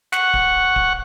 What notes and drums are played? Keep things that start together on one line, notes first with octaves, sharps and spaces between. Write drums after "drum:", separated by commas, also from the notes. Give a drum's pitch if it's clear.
F#5 C#6, drum: snare
drum: kick D1
drum: kick D1